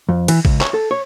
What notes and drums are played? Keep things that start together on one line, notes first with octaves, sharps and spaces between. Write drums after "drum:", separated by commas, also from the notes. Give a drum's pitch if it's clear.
F2
E3, drum: cymbal
C#2, drum: kick
C#5, drum: clap
A4
C#5